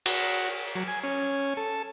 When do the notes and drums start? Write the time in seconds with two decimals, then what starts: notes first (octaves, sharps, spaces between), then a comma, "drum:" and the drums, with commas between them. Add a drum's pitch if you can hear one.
0.06 F#4, drum: cymbal
0.75 F#3
0.88 G#5
1.04 C#4
1.57 A4